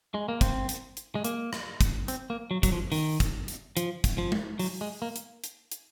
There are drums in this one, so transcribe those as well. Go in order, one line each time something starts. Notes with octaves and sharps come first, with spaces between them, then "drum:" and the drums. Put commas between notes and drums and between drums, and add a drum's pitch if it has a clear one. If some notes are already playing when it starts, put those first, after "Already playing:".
G#3
A#3
C4, drum: kick, hi-hat
drum: hi-hat
drum: hi-hat
G#3
A#3, drum: hi-hat
drum: rim click
drum: kick, hi-hat
C4, drum: hi-hat
A#3
F#3
F#3, drum: kick, hi-hat
F3
D#3, drum: open hi-hat
drum: kick, hi-hat
drum: hi-hat
F3, drum: hi-hat
drum: kick, hi-hat
F3
drum: tom G#3
F#3, drum: open hi-hat
G#3
A#3
drum: hi-hat
drum: hi-hat
drum: hi-hat